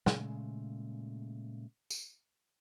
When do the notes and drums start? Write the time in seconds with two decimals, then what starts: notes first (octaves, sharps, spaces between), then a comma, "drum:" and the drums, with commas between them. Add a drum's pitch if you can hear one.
0.06 A#2 C#3 G#3 A3, drum: snare
1.90 drum: tambourine